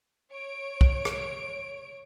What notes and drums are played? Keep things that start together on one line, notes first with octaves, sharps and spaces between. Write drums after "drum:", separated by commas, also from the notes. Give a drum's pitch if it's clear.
C#5 D7
drum: kick
drum: rim click